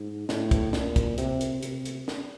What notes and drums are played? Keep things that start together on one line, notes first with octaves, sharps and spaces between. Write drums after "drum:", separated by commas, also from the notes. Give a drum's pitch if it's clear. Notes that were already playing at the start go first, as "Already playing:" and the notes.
Already playing: G#2
A2, drum: snare
drum: kick, hi-hat
A#2, drum: snare
drum: kick, hi-hat
C3, drum: hi-hat
drum: hi-hat
C3, drum: hi-hat
drum: hi-hat
drum: snare